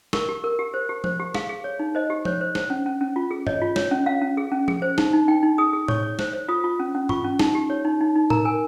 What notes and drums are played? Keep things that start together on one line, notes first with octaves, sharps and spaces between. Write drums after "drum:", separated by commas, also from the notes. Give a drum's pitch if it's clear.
A#4 C#6, drum: snare
G4
A#4
G4
C5
G4
C5, drum: tom F3
G4
G#4 F5, drum: snare
G#4
C#5
D#4
C5 D#5
G4
C5 C#5, drum: tom F3
C5
C5, drum: snare
C#4
C#4
C#4
F4
G#4
C#5 D#5, drum: tom G2
F4
C#5, drum: snare
C#4
C#4 F5
C#4
G#4
C#4
G#4, drum: tom F3
C5
D#4, drum: snare
D#4
D#4 G5
D#4
G#4 D#6
G#4
C#5 C#6, drum: tom A2
C#5
C5, drum: snare
C5
F4 D#6
F4
C#4
C#4
F4 C#6, drum: tom G2
C#4
D#4, drum: snare
G4
C#5
D#4
D#4
D#4
A#4 A#5, drum: tom A2
A#4 G#5